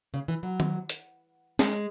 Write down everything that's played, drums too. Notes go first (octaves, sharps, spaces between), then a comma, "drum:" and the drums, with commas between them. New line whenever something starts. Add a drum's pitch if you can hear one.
C#3
E3
F#3
drum: tom D#3
drum: hi-hat
G#3, drum: snare